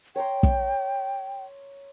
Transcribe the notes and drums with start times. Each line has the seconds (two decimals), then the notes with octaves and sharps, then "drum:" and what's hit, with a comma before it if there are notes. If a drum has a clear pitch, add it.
0.16 C#5 G5 A#5 C6
0.43 drum: kick